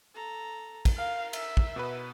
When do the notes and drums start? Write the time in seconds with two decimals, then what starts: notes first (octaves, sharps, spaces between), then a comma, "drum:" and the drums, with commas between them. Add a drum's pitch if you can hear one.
0.15 A4 A#5
0.85 drum: kick, cymbal
0.97 A#4 F5
1.33 E5, drum: cymbal
1.57 drum: kick
1.76 B2 B3 B4